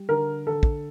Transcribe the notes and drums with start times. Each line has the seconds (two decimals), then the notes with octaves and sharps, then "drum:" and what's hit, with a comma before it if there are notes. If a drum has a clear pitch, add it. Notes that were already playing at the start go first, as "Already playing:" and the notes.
Already playing: G3
0.09 D3 A#4
0.47 D3 A4
0.63 drum: kick